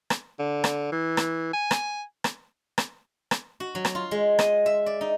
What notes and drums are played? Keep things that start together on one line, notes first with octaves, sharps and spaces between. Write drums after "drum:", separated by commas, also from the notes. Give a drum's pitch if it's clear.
drum: rim click
D3
drum: rim click
E3
drum: rim click
G#5
drum: rim click
drum: rim click
drum: rim click
drum: rim click
F#4
F#3
drum: rim click
F4
G#3
D#5, drum: rim click
E5
D5
D#4